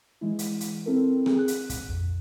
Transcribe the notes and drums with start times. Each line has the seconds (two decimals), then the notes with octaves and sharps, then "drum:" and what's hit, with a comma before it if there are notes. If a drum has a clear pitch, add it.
0.21 E3 G#3 E4
0.39 drum: hi-hat
0.61 drum: hi-hat
0.86 C4 E4 A4 A#4
1.26 C4 G#4, drum: rim click
1.39 F#6
1.48 drum: hi-hat
1.70 drum: kick, hi-hat
1.87 A#1 F2